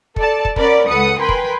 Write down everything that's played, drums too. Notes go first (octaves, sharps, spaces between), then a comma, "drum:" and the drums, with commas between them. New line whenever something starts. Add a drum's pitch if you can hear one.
A4 D5 A5, drum: kick
drum: kick
C#4 A#4 D5 F#5 B5, drum: kick
C#2 A4 B4 F#5 D#6 C#7
A#4 B4 G5 G#5 B5 C6
drum: kick